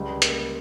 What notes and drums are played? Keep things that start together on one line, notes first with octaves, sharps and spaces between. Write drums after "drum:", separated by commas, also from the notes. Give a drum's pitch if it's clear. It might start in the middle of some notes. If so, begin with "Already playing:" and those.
Already playing: C#2 G3
A#3, drum: hi-hat